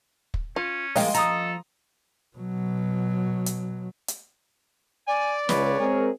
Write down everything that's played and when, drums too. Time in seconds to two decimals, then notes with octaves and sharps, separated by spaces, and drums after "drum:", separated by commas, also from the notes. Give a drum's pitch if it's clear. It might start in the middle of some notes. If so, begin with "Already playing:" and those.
0.34 drum: kick
0.56 C#4 F4
0.96 F3 G#3 A#3 D#5 F5 G5, drum: open hi-hat
1.14 F3 A4 A#5 D#6, drum: hi-hat
2.37 B2 F#3
3.46 drum: hi-hat
4.08 drum: hi-hat
5.07 D5 G#5
5.49 C#2 B4 C#5, drum: snare
5.79 G#3 C4 G#4 A#4